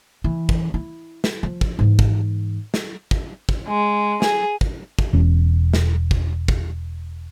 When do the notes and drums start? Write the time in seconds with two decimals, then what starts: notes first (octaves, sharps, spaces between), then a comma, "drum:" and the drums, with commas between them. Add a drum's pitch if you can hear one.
0.24 E3
0.49 drum: kick
0.74 E4
1.24 drum: snare
1.43 F3
1.61 drum: kick
1.79 G#2 E3
1.99 drum: kick
2.74 drum: snare
3.11 drum: kick
3.49 drum: kick
3.67 G#3
4.22 G#4, drum: snare
4.61 drum: kick
4.99 drum: kick
5.13 E1 C#4
5.73 drum: snare
6.11 drum: kick
6.48 drum: kick